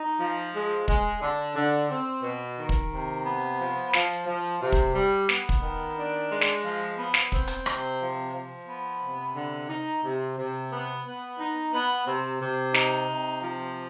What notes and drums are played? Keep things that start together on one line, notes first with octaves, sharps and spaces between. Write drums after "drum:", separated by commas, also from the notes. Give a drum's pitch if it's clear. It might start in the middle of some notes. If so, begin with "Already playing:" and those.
Already playing: D#4
F3
G#3
G#3, drum: kick
D3
D3
C4
B2
D#3
drum: kick
C3
B3
F3
F3, drum: snare
F3
C3
drum: kick
G3
B3, drum: snare
drum: kick
D#3
D4
G#3
drum: snare
F3
B3
drum: snare
C4, drum: kick
drum: hi-hat
C3, drum: rim click
F3
F3
B3
C3
D3
D#4
C3
C3
B3
B3
D#4
B3
C3
C3
D#4, drum: snare
C3
F3